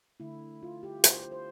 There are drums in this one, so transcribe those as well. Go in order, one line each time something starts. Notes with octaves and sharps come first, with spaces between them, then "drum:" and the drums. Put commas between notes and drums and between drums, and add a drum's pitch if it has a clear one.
D3 A3 E4
F4
G4
C5, drum: hi-hat
C5